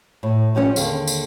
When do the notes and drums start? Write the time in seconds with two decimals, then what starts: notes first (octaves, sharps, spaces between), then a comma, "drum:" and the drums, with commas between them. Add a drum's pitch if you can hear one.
0.23 A2
0.55 F3 G3 C#4 C#5
0.76 D#2 D3 G#4 F5, drum: tambourine
1.07 drum: tambourine